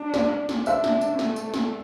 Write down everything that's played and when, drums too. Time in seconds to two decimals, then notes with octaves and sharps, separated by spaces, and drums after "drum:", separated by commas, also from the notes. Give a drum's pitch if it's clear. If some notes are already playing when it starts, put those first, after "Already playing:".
Already playing: D4
0.14 D5, drum: snare
0.49 drum: snare
0.66 D4 E5, drum: tambourine
0.84 drum: snare
1.01 drum: tambourine
1.19 A3, drum: snare
1.36 drum: tambourine
1.54 drum: snare